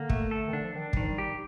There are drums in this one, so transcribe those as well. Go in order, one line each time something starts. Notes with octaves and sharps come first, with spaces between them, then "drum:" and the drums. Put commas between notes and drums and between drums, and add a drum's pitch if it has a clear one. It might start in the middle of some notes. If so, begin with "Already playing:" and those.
Already playing: D3 A#3
A3, drum: kick
A4
D#3
D3 D4
F3
D#3 D4
G3, drum: kick
D#3 F3
G3
G4